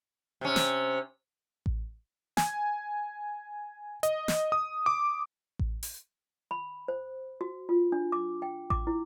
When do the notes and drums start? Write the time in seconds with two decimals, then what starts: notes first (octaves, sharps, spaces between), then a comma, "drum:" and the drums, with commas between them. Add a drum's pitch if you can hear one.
0.41 C3 C#4
0.56 drum: snare
1.66 drum: kick A1
2.37 G#5, drum: snare
4.03 D#5, drum: hi-hat
4.28 drum: snare
4.52 D#6
4.86 D6
5.59 drum: kick A1
5.83 drum: open hi-hat
6.51 B5
6.88 C5
7.41 F#4
7.69 F4
7.92 D4
8.12 D6
8.42 G5
8.70 D6, drum: kick A1
8.87 E4